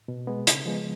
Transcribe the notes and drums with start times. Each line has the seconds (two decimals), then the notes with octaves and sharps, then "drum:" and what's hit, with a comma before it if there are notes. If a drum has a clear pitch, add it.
0.08 B2
0.27 G#3 B3
0.47 C#3, drum: hi-hat
0.66 F3 G#3 B3